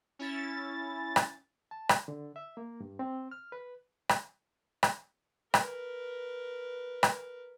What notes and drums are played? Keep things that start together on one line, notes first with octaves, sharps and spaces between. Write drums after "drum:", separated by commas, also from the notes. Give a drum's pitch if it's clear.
C#4 E4 A6
drum: rim click
A5
drum: rim click
D3
E5
A#3
G2
C4
F6
B4
drum: rim click
drum: rim click
A#4 B4, drum: rim click
drum: rim click